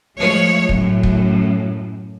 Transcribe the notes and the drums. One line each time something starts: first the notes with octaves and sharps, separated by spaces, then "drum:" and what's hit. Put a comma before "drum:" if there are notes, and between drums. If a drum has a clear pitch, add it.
F3 G#3 A3 C#5
F#2 A2, drum: kick
drum: kick